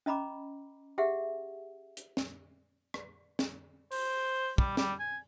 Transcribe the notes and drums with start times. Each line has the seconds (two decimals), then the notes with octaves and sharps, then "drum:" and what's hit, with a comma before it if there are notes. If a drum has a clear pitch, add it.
0.06 C#4 D#5 A#5 B5 D6
0.98 G4 G#4 E5 F#5
1.97 drum: hi-hat
2.17 drum: snare
2.94 drum: rim click
3.39 drum: snare
3.92 C5, drum: open hi-hat
4.58 G3, drum: kick
4.77 G3, drum: snare
5.00 G#5